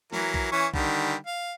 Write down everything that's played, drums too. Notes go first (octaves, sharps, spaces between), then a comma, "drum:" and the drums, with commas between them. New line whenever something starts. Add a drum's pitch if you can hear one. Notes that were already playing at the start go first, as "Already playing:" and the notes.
E3 F#3 A#4, drum: snare
drum: kick
E3 C#4 C#6
D3 D#3 G3, drum: kick
F5